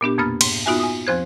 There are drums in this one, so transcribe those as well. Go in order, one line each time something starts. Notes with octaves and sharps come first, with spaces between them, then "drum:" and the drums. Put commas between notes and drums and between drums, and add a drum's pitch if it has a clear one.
A#2 B3 D4 G4
F2 B2 A#3 B5 F6 A6
G#2, drum: cymbal
B3 D#4 F4 F#4 E5 G#5
G#5 D#6
E2 F3 C4 C5 F#6 G#6